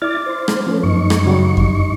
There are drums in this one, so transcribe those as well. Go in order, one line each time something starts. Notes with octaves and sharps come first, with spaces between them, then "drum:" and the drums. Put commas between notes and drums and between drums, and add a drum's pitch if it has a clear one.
E4 D5 D6 F6 A6
C5
drum: rim click
F3 A3 B3 C#4
F#2 D#4 C#6
drum: rim click
C#3 F#3 G3
drum: kick F2